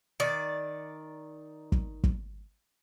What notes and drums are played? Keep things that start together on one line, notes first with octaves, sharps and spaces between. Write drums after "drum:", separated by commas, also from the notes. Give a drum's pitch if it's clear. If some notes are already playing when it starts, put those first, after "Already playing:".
D#3 D5
drum: kick
drum: kick